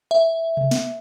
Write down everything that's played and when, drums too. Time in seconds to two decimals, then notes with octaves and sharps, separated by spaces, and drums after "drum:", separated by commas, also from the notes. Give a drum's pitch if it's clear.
0.11 E5
0.57 drum: tom C3
0.71 drum: snare